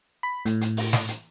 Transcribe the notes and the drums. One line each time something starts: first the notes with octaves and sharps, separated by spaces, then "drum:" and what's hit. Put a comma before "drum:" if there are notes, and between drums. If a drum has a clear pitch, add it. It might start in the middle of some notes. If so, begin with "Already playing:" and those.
B5
A2, drum: hi-hat
drum: hi-hat
drum: open hi-hat
drum: snare
drum: hi-hat